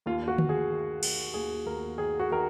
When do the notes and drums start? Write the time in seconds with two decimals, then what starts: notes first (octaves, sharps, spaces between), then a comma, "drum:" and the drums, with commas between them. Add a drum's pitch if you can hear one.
0.06 D#2 F4
0.28 F#4
0.38 D#2, drum: tom D3
0.49 G#4
0.70 D#3
1.03 D#3, drum: cymbal
1.34 D#2 G#4
1.66 D#2 A#4
1.98 D#3 G#4
2.19 F#4
2.31 D#3 A#4